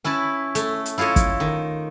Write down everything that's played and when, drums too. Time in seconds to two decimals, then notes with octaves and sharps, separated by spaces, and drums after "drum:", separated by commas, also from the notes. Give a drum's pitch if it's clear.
0.04 C#4 E4 B4 A5
0.55 A3, drum: hi-hat
0.86 drum: hi-hat
0.98 E4 F4 A4 C#5 D#5
1.16 drum: kick, hi-hat
1.40 D#3